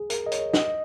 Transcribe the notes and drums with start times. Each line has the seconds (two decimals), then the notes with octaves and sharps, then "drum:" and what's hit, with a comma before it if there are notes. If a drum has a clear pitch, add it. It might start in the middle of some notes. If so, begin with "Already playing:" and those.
Already playing: G#4
0.10 A#4, drum: hi-hat
0.27 D#5
0.32 C#5, drum: hi-hat
0.54 D#5, drum: snare